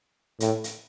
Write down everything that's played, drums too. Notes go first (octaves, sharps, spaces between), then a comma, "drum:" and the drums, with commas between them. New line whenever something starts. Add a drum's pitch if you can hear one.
A2, drum: hi-hat
drum: hi-hat